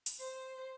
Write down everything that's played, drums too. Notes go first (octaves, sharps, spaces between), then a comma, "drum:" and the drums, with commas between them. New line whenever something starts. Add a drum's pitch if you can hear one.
drum: hi-hat
C5